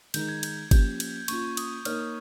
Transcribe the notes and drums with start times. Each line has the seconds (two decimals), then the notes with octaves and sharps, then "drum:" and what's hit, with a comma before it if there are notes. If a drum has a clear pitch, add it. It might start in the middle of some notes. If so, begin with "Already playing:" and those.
0.14 D#3 G#3 D#4 A#4 G6, drum: cymbal
0.29 G#6
0.43 G6, drum: cymbal
0.71 F3 A#3 C#4 G4 G6, drum: kick G1, cymbal
1.00 drum: cymbal
1.28 A#3 C#4 F4 C#6, drum: cymbal
1.57 D#6, drum: cymbal
1.85 A#3 D#4 A#4 C#5 F6, drum: cymbal
2.00 D#6